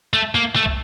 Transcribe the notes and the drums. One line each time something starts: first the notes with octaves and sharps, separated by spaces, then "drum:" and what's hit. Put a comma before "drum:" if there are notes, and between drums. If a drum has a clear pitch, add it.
A3
A#3
A3
drum: kick